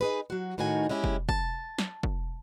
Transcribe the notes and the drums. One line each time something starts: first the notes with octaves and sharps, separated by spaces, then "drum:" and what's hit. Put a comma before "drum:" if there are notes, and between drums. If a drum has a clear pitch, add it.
D#4 G#4 B4
F#3 F#4
A2 D#3 D#4 F#4 G#5
G#3 C#4 E4 G4 G#4
drum: kick
A5, drum: kick
drum: snare
drum: kick